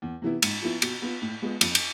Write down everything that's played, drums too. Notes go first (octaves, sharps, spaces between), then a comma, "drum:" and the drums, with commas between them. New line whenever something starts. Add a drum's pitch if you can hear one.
E2
C3 E3 B3 E4
G#2, drum: cymbal
F3 B3 E4
B2, drum: cymbal
B3 F4
A2
G#3 B3 F4
F2, drum: cymbal
drum: cymbal